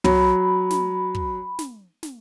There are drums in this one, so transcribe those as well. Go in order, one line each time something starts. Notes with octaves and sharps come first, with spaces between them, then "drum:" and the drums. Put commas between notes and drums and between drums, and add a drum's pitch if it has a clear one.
F#3 B5, drum: tom
drum: snare
drum: kick
drum: snare
drum: snare